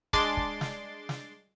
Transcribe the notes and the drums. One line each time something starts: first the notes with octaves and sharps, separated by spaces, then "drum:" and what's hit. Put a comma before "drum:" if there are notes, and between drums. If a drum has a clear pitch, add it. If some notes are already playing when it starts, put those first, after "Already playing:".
G#3 D4 C6 D6 A6, drum: kick
drum: kick
drum: snare
drum: snare